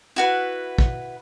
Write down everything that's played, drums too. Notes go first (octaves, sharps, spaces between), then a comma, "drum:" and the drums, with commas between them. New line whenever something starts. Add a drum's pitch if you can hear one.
E4 F#4 B4
drum: kick